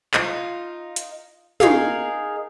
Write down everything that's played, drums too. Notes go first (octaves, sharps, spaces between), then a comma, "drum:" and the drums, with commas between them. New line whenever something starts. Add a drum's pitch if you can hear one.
D#4 F4, drum: clap
drum: hi-hat
D#4 G#4 A#4 F5, drum: tom